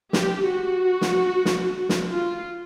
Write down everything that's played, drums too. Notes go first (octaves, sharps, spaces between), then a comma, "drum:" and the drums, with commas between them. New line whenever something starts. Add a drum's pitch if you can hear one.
G4, drum: snare
F#4
drum: snare
drum: snare
drum: snare
F4